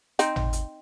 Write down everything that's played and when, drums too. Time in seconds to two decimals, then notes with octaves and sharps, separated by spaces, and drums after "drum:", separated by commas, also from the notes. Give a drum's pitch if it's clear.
0.19 C4 D#4, drum: hi-hat
0.36 drum: tom G#1
0.53 drum: hi-hat